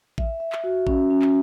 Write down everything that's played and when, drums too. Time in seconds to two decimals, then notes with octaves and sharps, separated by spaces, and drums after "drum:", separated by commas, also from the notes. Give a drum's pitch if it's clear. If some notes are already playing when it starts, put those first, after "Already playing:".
0.18 E5, drum: kick A1
0.40 E5
0.52 drum: clap
0.64 F#4
0.87 C#4, drum: kick A1
1.10 C#4
1.22 drum: clap